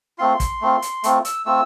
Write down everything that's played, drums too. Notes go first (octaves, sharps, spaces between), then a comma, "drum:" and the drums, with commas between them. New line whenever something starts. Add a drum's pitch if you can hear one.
A3 C4 F4 C6
drum: kick, hi-hat
A3 C4 F4
drum: hi-hat
A3 C4 F4, drum: hi-hat
E6, drum: hi-hat
A3 C4 F4 E6